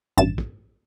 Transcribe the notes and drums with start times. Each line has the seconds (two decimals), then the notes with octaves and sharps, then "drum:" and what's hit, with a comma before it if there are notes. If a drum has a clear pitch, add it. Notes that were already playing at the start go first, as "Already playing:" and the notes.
0.17 A1 G2 A6 E7
0.38 drum: kick